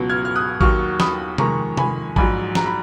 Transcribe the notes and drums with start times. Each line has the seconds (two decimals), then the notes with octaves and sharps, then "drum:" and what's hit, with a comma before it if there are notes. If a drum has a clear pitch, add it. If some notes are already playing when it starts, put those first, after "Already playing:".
Already playing: C#2 B2 F#3
0.10 F6 G#6
0.25 F6
0.35 D#6 F#6
0.61 D#2 D#3 F#3 C#6 F6, drum: kick A1
1.00 B5 D#6, drum: snare
1.38 F2 D#3 G#3 A#5 C#6, drum: tom C3
1.77 G#5 B5, drum: tom C3
2.16 A#1 G#2 F#3 G#5 B5, drum: kick A1
2.55 A#5, drum: snare
2.66 B5